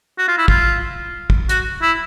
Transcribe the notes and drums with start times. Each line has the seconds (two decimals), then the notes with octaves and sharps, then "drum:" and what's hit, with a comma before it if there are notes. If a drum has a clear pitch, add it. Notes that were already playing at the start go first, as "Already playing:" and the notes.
0.18 F#4
0.28 F4
0.38 E4
0.48 F4, drum: kick
1.30 drum: kick
1.49 F#4, drum: hi-hat
1.82 E4